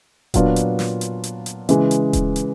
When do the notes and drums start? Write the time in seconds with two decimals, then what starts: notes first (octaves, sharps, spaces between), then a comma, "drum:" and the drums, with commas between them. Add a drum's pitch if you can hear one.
0.34 A#2 F#3 B3 D4 F4, drum: kick D#1, hi-hat
0.56 drum: hi-hat
0.79 drum: snare
1.01 drum: hi-hat
1.24 drum: hi-hat
1.46 drum: hi-hat
1.69 C#3 E3 G#3, drum: hi-hat
1.91 drum: hi-hat
2.13 drum: kick D#1, hi-hat
2.36 drum: hi-hat